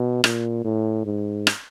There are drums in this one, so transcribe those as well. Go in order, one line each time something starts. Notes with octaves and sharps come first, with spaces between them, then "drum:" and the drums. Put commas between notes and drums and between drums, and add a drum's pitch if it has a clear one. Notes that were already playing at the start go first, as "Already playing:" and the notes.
Already playing: B2
A#2, drum: rim click
A2
G#2
drum: rim click